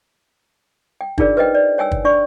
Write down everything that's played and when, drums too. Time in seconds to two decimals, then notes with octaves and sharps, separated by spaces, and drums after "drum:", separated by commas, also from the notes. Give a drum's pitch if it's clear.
1.01 G5
1.18 D4 D#4 F4 G#4 A#4 D5, drum: kick
1.37 B4 C5 D#5 G5
1.55 D5
1.78 C#5 G5 G#5 E6
1.92 drum: kick
2.05 D4 D5 C#6